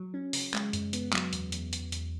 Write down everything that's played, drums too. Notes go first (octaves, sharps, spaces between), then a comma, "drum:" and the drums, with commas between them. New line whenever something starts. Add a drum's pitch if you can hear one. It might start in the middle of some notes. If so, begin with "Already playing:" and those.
Already playing: F#3
C#4
C#3, drum: open hi-hat
G#3, drum: clap
F#2, drum: hi-hat
B3, drum: hi-hat
F#3, drum: clap
E2, drum: hi-hat
E2, drum: hi-hat
E2, drum: hi-hat
E2, drum: hi-hat